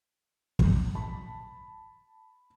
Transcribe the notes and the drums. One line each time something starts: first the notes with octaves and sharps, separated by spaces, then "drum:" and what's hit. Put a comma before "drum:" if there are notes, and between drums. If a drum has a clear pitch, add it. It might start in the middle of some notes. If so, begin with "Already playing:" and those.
drum: kick
A5 B5